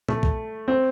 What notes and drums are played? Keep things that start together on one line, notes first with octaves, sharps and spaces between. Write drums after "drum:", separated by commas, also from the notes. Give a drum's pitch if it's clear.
A3, drum: tom A#2
drum: kick A#1
C4